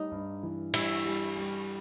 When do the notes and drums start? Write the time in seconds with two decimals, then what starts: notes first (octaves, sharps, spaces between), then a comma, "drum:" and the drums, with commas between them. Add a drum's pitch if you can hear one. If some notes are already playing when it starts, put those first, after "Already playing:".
Already playing: G3 D#4
0.11 G2
0.43 E3
0.74 G3 E4, drum: cymbal
1.05 G3
1.37 G3